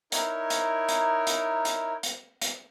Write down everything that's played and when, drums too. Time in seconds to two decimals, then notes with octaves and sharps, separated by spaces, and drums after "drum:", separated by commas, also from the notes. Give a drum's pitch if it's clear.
0.12 D#4 E4 A#4 C#5, drum: hi-hat
0.50 drum: hi-hat
0.89 drum: hi-hat
1.27 drum: hi-hat
1.65 drum: hi-hat
2.03 drum: hi-hat
2.42 drum: hi-hat